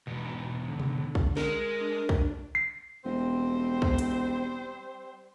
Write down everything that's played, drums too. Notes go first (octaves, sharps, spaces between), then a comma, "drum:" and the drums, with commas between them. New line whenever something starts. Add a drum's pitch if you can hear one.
E2 G#2 B2
D3
drum: tom B2
drum: kick
G#3 A#4, drum: snare
D4
drum: kick
C7
E1 G3 C4 C5
drum: kick
drum: hi-hat